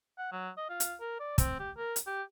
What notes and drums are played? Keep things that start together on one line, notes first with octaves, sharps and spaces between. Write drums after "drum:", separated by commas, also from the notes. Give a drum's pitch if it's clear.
F#5
F#3
D#5
F4
drum: hi-hat
A#4
D5
C4, drum: kick, hi-hat
G4
A#4
drum: hi-hat
G4